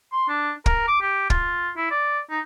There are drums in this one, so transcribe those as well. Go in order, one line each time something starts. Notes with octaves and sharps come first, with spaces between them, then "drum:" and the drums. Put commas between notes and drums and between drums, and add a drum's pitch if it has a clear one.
C6
D4
A#4, drum: kick
D6
G4
F4, drum: kick
E4
D5
D#4